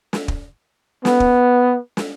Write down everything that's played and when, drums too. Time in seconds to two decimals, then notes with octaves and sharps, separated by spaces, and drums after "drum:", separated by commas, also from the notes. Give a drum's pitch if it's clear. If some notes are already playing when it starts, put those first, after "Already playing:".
0.13 drum: snare
0.28 drum: kick
1.05 B3, drum: snare
1.20 drum: kick
1.97 drum: snare